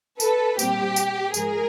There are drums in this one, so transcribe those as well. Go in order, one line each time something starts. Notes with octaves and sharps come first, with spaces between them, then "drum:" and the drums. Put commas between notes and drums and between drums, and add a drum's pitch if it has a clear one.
A4 B4, drum: tambourine
A#2 G3 C4 G4, drum: tambourine
drum: tambourine
G#2 F3 G#3 G#4 A#4, drum: tambourine